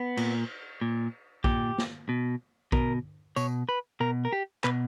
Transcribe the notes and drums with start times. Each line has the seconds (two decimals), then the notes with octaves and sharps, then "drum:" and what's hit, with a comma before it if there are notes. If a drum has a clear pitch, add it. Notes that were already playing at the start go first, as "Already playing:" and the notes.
Already playing: B3
0.17 A#2, drum: cymbal
0.81 A#2
1.44 A#2 G4, drum: kick A#1
1.78 drum: snare
2.09 B2
2.72 B2 A#4, drum: kick A#1
3.36 B2 C#5, drum: tambourine
3.69 B4
4.00 B2 A#4
4.25 A#4
4.33 G4
4.64 B2 B4, drum: clap